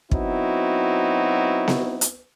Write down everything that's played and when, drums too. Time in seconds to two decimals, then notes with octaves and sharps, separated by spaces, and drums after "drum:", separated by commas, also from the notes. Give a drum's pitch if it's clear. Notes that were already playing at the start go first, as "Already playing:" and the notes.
0.11 F#3 B3 C4 D#4 E4 F#4, drum: kick
1.68 drum: snare B3
2.01 drum: hi-hat